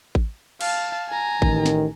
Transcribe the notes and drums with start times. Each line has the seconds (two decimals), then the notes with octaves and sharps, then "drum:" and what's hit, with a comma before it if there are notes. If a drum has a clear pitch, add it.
0.15 drum: kick A1
0.61 F5 A5, drum: cymbal
1.09 G#5 A#5
1.42 A1 D#3, drum: kick A1
1.66 drum: snare